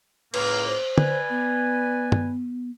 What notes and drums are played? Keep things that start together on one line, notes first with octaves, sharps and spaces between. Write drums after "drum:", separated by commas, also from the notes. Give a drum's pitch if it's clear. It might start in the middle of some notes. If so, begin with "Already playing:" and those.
C#2 A2 A#3 B4, drum: cymbal
C5
B4 D5 G#5, drum: tom
B3
drum: tom